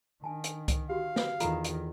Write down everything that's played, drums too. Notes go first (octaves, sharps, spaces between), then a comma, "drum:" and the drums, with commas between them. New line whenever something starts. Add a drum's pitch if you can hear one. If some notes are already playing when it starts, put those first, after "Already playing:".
D#3 D4 G#5 A5
drum: hi-hat
drum: kick C2, hi-hat
F#4 G4 F5
drum: snare
E2 D#3 F4 A4 A#5, drum: hi-hat
drum: hi-hat